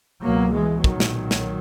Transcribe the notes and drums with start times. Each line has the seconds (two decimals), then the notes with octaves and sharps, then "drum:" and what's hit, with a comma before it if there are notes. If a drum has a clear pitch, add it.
0.23 C#2 B2 F#3 A#3
0.54 E3 G#3
0.84 B1 A#2 D#3 F#3, drum: kick
1.00 drum: snare
1.31 drum: snare